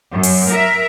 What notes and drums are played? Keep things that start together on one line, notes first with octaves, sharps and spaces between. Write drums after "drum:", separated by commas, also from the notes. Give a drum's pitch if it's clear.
F#2
drum: open hi-hat
A#4 E5